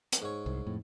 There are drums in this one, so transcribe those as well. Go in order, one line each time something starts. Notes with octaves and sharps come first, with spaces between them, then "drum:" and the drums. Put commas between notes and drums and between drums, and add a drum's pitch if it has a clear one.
drum: hi-hat
G#2 C#5
C2
F2 A2